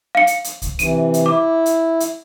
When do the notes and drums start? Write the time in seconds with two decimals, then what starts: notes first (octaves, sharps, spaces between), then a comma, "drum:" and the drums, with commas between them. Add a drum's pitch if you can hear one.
0.15 F5 C#7
0.27 drum: hi-hat
0.44 drum: hi-hat
0.62 drum: kick C2, hi-hat
0.79 C3 E3 D#7, drum: hi-hat
1.14 drum: hi-hat
1.26 E4 D6
1.66 drum: hi-hat
2.00 drum: hi-hat